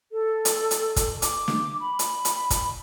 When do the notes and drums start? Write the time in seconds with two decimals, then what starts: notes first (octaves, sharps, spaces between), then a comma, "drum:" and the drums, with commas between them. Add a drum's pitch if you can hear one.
0.12 A4
0.45 drum: hi-hat
0.71 drum: hi-hat
0.96 drum: kick, hi-hat
1.22 D6, drum: hi-hat
1.48 drum: snare
1.80 B5
1.99 drum: hi-hat
2.25 drum: hi-hat
2.50 drum: kick, hi-hat